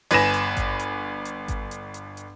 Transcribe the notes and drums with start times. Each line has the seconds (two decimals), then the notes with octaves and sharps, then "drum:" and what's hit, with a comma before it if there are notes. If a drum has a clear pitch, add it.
0.11 G1 B4 G#5 A#6 E7, drum: hi-hat
0.34 drum: hi-hat
0.57 drum: kick G#1, hi-hat
0.79 drum: hi-hat
1.25 drum: hi-hat
1.48 drum: kick G#1, hi-hat
1.71 drum: hi-hat
1.94 drum: hi-hat
2.17 drum: hi-hat